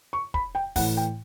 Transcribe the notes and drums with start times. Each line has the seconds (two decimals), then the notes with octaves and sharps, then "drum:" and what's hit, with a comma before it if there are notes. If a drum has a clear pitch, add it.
0.13 C#6
0.34 B5, drum: kick
0.55 G5
0.76 A2 E3 F#5, drum: kick, open hi-hat
0.97 G5